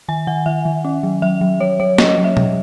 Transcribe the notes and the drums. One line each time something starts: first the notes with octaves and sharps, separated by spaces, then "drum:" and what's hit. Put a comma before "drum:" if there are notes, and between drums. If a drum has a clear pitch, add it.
D#3 G#5
D#3 F#5
D#3 E5
D#3
C#4
F#3
F#3 E5
F#3
F#3 C#5
F#3 C#5
C#4 D#5, drum: snare
D#5
F#3
E5
F#3, drum: tom B2